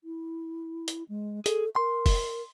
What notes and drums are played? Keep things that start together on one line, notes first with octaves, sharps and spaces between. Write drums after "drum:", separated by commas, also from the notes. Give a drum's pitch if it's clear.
E4
drum: hi-hat
G#3
G#4 A4, drum: hi-hat
A#4 C6
drum: kick, open hi-hat